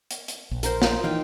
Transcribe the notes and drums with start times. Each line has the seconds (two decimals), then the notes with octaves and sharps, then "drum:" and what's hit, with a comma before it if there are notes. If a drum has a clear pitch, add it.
0.11 drum: hi-hat
0.28 drum: hi-hat
0.51 A#1
0.63 A#4 C5, drum: hi-hat
0.82 F4, drum: snare
1.03 E3 D#4 F5 G5